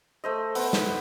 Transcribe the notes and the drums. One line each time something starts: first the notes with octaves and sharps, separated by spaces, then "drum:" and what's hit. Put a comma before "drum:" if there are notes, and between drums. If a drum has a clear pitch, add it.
A3 C5 D#5
B3 C5, drum: open hi-hat
drum: snare